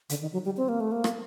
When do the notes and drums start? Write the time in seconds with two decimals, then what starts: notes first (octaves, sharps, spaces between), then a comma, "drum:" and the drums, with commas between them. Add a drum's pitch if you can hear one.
0.09 D3, drum: hi-hat
0.21 D#3
0.33 F#3
0.45 G3
0.57 C4
0.68 A#3
0.80 A3
0.92 A#3
1.04 drum: rim click